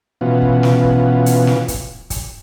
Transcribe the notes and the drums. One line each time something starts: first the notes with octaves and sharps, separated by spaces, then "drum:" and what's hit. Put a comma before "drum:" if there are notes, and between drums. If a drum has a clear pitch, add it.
B2 E3 B3 C#4 F4 F#4
drum: kick
drum: snare
drum: kick
drum: hi-hat
drum: snare
drum: kick, hi-hat
drum: kick, hi-hat